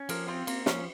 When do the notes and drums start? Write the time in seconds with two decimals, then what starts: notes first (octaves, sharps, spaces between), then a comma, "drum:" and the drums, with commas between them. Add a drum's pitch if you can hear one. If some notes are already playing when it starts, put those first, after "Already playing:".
Already playing: C#4
0.09 F3 A#3, drum: cymbal
0.28 C4 F4
0.47 A#3 C4, drum: cymbal
0.66 F3 C#4, drum: snare